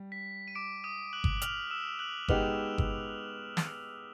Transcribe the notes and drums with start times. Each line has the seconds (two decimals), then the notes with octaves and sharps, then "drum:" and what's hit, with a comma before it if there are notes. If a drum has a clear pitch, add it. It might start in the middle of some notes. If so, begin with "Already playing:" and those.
Already playing: G3
0.12 B6
0.48 D#7
0.55 D6 D7
0.84 D#6 D#7
1.13 F#6 F#7
1.24 drum: kick G1
1.37 F#7
1.42 F6 F7, drum: hi-hat
1.71 E6 E7
1.99 F#6 F#7
2.28 G#3 B3 D#4 G4 F6 F7, drum: kick G1
2.78 drum: kick G1
3.57 drum: snare